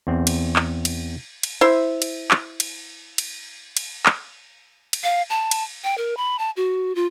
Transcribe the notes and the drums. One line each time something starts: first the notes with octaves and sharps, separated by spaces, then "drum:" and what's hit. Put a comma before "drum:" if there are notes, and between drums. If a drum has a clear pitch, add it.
E2 C4
drum: cymbal
drum: clap
drum: cymbal
drum: cymbal
E4 C5 E5
drum: cymbal
drum: clap
drum: cymbal
drum: cymbal
drum: cymbal
drum: clap
drum: cymbal
F5
A5
drum: cymbal
G5
A#4
B5
A5
F#4
F4